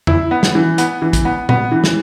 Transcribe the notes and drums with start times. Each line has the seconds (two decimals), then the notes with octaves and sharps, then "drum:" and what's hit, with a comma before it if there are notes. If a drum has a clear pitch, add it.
0.07 E4, drum: tom E2
0.31 B3
0.43 drum: snare
0.55 E3
0.78 B3, drum: hi-hat
1.02 E3
1.13 drum: kick, hi-hat
1.25 B3
1.49 B3, drum: tom A#2
1.72 E3
1.84 drum: snare